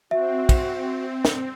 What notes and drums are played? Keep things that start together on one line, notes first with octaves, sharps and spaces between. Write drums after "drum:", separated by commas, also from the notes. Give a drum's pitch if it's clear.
C4 F#4 E5
drum: kick, cymbal
drum: snare